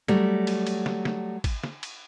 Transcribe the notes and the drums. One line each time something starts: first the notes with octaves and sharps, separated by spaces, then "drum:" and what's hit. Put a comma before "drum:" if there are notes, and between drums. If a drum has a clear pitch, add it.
F#3 G3 A3, drum: snare
drum: cymbal
drum: cymbal
drum: snare
drum: snare
drum: kick, cymbal
drum: snare
drum: cymbal